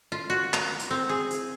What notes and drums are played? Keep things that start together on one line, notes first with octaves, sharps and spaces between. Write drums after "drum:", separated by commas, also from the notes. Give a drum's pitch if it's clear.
F4
F#4
A#5, drum: clap
drum: hi-hat
C4
G#4
drum: hi-hat